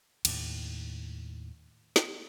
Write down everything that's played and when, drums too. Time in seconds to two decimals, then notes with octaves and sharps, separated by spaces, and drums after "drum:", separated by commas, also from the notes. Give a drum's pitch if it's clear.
0.25 D#2 A2, drum: cymbal
1.96 drum: snare